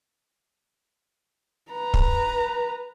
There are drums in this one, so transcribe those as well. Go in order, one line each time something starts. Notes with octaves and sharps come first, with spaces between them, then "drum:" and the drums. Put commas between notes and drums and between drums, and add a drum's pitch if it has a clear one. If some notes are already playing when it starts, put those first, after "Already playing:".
B4 A#5
drum: kick